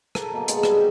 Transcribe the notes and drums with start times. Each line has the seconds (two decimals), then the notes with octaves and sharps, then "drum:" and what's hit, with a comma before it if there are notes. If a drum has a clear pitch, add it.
0.15 A4 A#4, drum: rim click
0.34 B2 A#3
0.48 B2 G#3 D#5 A5, drum: hi-hat
0.63 G3 G#4, drum: rim click
0.77 D#4 F#4 G4